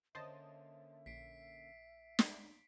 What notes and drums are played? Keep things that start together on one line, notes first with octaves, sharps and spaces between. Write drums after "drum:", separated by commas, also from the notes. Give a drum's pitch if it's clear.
D3 A#3 C#4 C5 D#5 E5 A5
A#1 B6 C7 D7
drum: snare